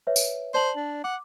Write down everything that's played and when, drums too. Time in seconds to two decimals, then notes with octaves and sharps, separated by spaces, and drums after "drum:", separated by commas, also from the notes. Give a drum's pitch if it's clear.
0.07 B4 C#5 E5
0.16 drum: tambourine
0.54 C5 D5 A5 F#7
0.76 D4
1.04 F#5 D6